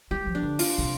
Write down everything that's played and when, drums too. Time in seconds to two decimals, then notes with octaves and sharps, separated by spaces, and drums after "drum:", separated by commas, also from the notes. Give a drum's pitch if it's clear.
0.11 G3 G4
0.27 F3
0.35 D4
0.43 D3
0.59 F4, drum: open hi-hat
0.78 D3
0.83 C3